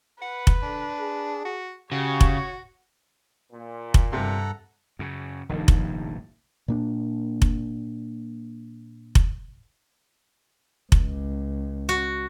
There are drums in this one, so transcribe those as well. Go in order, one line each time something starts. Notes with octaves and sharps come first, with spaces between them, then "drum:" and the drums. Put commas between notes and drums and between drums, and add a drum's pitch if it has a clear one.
B4 F#5
drum: kick F1
D3 D4
G#4
F#4
C#3 F#4 G4 C#5
drum: kick F1
A#2
drum: kick F1
G2 C3 A4 F#5 A#5 C6
F#2 C#3
F1 A#1 G2 D#3
drum: kick F1
A#2 A#3 D4
drum: kick F1
drum: kick F1
C#2, drum: kick F1
F#4